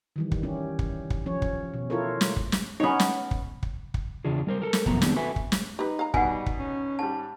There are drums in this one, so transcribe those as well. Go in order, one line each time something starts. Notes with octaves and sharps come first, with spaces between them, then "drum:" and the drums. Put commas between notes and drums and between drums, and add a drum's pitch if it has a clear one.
D#3 E3 G3
drum: kick
C#4 E4 G4
drum: kick
drum: kick
F3 C#4 C#5
drum: kick
B2
E4 F4 A4 A#4 C#5
drum: snare
drum: kick
drum: snare
B3 C#4 D#4 C#5
drum: snare
drum: kick
drum: kick
drum: kick
E2 C#3 D4 F4 G#4
G3 A#4 C5
A4 A#4
drum: snare
F#2 B2 F3 A3 B3 A#5, drum: kick
D#3 G3 B3 C4 D4 G4, drum: snare
F#4 A4 B4 E5 G#5
drum: kick
drum: snare
D#4 G4 B4
F5 A#5
B2 G3 D#4 B4 F#5 G#5, drum: kick
drum: kick
C#4
G#2 G3 A5